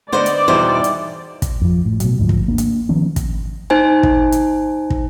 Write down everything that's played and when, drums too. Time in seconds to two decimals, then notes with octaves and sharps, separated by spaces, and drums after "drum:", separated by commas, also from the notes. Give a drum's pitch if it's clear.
0.12 D3 B3 C5 D5 D#5
0.26 drum: hi-hat
0.48 E2 B2 E3 G3 D#4 C5
0.84 drum: hi-hat
1.42 drum: kick, hi-hat
1.62 F2 F3
1.85 A2
2.00 B2 F#3, drum: hi-hat
2.19 D2 G#2 F3
2.29 drum: kick
2.48 A#3 D4
2.58 drum: hi-hat
2.89 D#3 F3 B3 C#4
3.16 drum: kick, hi-hat
3.70 D#4 C5 G#5
4.03 drum: kick
4.32 drum: hi-hat
4.90 drum: kick